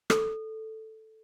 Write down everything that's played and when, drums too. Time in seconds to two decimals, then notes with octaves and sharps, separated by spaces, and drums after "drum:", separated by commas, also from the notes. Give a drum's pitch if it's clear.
0.10 A4, drum: rim click